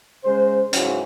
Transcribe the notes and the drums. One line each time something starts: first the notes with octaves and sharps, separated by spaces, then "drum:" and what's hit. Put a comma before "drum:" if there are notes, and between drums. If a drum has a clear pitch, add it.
C#3 G#3 C5
G#2 C#3 E3 F#3 C#4, drum: hi-hat